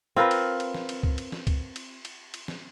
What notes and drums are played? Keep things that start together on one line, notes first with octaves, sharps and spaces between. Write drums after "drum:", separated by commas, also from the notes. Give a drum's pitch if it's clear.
C4 F4 A#4 B4
drum: cymbal
drum: cymbal
drum: snare
drum: cymbal
drum: kick
drum: cymbal
drum: snare
drum: kick, cymbal
drum: cymbal
drum: cymbal
drum: cymbal
drum: snare